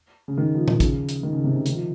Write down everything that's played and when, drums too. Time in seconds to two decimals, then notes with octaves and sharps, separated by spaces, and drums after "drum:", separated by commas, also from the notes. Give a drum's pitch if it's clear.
0.28 C#3
0.38 D#3
0.55 F3
0.68 D#3, drum: tom A#2
0.80 C#3, drum: kick, hi-hat
1.09 drum: hi-hat
1.23 D#3
1.33 C#3
1.44 C3
1.55 C#3
1.66 D#3, drum: hi-hat
1.73 F3